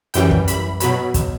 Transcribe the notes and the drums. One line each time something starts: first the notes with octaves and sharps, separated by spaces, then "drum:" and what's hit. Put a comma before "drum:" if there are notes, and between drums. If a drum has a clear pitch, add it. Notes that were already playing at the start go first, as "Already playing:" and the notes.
F#2 E3 G3 G5, drum: hi-hat
drum: kick
B5, drum: hi-hat
B2 F#3 B5, drum: hi-hat
drum: kick, hi-hat